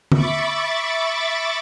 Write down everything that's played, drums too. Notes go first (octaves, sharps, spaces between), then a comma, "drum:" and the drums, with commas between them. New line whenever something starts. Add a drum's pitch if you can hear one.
E5 B5 C#6 D6 A6, drum: tom D3